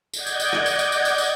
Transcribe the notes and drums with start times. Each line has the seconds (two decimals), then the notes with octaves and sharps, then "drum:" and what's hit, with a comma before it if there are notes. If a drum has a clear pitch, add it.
0.14 D5 D#5 F#5 G6 G#6, drum: tambourine
0.27 drum: tambourine
0.40 drum: tambourine
0.53 drum: rim click
0.66 drum: tambourine
0.79 drum: tambourine
0.92 drum: tambourine
1.05 drum: tambourine
1.18 drum: tambourine